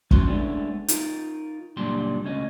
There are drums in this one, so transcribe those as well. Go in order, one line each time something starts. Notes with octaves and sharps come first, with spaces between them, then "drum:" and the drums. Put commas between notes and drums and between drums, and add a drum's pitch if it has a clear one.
C3 C#4 F#4 C6, drum: kick
G#3 A3 B3 C#4 D4 E4
D#4 F4 A#4, drum: hi-hat
C#2 F#2 A#2 G3 D4 C6
C#2 A3 C#4 D#5